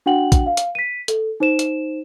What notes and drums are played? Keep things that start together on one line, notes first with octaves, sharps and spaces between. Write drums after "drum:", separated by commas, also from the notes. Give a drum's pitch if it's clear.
D4 F#4 F#5 G5 F#7
drum: kick, hi-hat
F5
drum: hi-hat
B6 D#7
A4, drum: hi-hat
D#4 C5 E7
drum: hi-hat